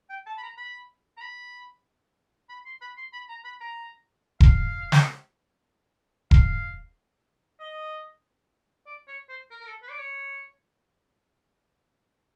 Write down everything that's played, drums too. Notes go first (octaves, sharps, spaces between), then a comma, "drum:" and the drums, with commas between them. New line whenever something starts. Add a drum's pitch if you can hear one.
G5
A5
B5
A#5
B5
A#5
B5
B5
C6
B5
C6
B5
A#5
B5
A#5
F5, drum: kick E1
drum: snare
F5, drum: kick E1
D#5
D5
C#5
C5
A#4
A#4
A4
B4
D5
C#5